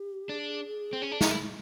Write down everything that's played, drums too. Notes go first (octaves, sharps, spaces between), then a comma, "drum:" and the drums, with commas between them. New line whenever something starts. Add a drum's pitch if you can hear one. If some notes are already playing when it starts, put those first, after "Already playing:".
Already playing: G4
D4 G#4
C4
C#4
D4
D#4, drum: snare
E4